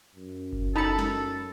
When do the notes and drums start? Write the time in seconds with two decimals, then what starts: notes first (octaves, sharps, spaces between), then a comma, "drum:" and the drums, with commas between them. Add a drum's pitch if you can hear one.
0.15 F#2
0.53 drum: kick F#1
0.76 D#4 A4 A5 B5 C#7
0.98 drum: snare